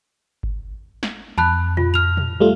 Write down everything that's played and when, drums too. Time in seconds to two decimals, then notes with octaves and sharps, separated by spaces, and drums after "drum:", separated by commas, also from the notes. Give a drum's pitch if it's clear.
0.43 drum: kick G1
1.03 drum: snare
1.38 F2 A5 B5 F#6
1.77 F4, drum: tom
1.94 F6 F7
2.17 drum: tom
2.40 G3 A3 F4